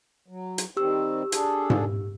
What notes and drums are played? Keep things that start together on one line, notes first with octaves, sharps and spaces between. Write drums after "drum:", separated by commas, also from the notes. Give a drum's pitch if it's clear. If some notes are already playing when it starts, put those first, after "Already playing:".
F#3
drum: hi-hat
D#3 G3 C4 G4 E6
D4 G#4 A4, drum: hi-hat
drum: tom G#2